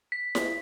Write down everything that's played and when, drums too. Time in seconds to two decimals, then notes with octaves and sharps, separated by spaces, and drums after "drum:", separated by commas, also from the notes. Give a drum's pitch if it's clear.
0.12 B6
0.35 drum: snare E4